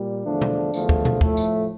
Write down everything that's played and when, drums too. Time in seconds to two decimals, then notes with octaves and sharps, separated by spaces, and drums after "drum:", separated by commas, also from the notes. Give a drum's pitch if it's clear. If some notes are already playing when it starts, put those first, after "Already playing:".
Already playing: A#2 G3
0.25 E2 D3 F3 A3 D4
0.41 drum: tom B2
0.74 E2 D3 F3 A3, drum: tambourine
0.89 drum: kick
1.05 drum: tom B2
1.21 A2 F3 A3, drum: kick
1.37 drum: tambourine